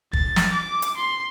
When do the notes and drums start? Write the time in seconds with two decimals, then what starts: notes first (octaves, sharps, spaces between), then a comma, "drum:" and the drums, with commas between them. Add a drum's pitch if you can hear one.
0.13 A6, drum: kick
0.36 drum: snare
0.53 D6
0.82 drum: hi-hat
0.97 C6